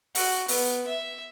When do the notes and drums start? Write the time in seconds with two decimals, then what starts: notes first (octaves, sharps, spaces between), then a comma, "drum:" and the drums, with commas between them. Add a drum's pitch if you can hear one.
0.15 F#4, drum: open hi-hat
0.48 B3, drum: open hi-hat
0.87 E5